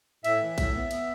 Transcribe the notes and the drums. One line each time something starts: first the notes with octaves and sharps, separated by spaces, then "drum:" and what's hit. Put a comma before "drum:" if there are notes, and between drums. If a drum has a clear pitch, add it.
A2 E5, drum: cymbal
E3
A2, drum: kick A1, cymbal
B3
B3, drum: cymbal